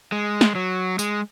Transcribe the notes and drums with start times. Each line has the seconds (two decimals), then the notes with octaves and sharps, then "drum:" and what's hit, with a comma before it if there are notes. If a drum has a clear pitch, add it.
0.12 G#3
0.41 drum: snare
0.55 F#3
0.99 G#3, drum: tambourine